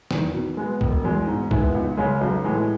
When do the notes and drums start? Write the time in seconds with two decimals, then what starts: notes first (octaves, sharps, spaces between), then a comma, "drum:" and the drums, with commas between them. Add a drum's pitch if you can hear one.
0.11 E2 D#3, drum: snare
0.34 B2
0.57 G#3 B3
0.81 E1, drum: kick
1.04 E2 B2 G#3
1.27 G#2
1.51 D#3 G#3 B3 E4, drum: kick
1.74 C#2
1.97 C#3 G#3
2.21 B1
2.44 A2 E3 G#3